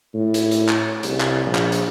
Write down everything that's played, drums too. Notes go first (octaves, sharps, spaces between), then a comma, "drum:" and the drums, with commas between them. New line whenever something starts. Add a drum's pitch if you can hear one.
A2
drum: hi-hat
drum: hi-hat
drum: clap
C2, drum: hi-hat
drum: clap
A#1
drum: clap
drum: hi-hat